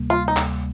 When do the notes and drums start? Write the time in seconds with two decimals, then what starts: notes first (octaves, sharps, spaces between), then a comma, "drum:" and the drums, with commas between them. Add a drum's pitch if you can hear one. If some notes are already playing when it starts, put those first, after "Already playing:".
Already playing: D2 C3 G3 A#3
0.10 G3 F4
0.28 D#4
0.37 D2, drum: clap